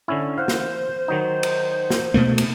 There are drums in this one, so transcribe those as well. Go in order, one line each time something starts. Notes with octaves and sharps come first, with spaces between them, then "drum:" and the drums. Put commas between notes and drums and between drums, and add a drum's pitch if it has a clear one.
D3 C#4 E4
C5 F5 F#5
drum: snare
D#3 F#3 D#4
drum: cymbal
drum: snare
B2 A3 A#3
drum: cymbal